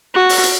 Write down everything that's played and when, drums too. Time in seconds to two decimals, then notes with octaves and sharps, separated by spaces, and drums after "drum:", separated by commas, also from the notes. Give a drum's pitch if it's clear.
0.15 F#4
0.29 drum: open hi-hat
0.43 drum: hi-hat